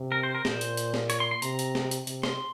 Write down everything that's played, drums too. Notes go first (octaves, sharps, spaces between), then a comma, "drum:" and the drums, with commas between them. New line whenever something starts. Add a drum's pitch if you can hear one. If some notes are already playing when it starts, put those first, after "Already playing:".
Already playing: C3
A#4
C5
A#4
A#2 C5, drum: snare
drum: hi-hat
drum: hi-hat
drum: snare
C#5, drum: hi-hat
C6
C6
C3 A#5, drum: hi-hat
drum: hi-hat
drum: snare
drum: hi-hat
C3, drum: hi-hat
C6, drum: snare